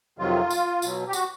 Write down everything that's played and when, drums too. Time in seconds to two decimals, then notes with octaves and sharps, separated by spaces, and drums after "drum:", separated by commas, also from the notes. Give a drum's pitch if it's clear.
0.19 F2 C3 D#3 F#3 F4
0.50 drum: tambourine
0.82 B2 F#3, drum: tambourine
1.08 G4
1.13 F#4, drum: tambourine